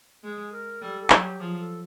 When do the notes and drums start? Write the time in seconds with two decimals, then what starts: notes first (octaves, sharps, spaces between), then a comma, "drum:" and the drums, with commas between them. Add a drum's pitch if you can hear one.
0.24 G#3 G#4
0.52 A#4
0.82 G3 A4
1.01 A4
1.10 F#3, drum: clap
1.21 G4
1.40 F3 G#4
1.59 A4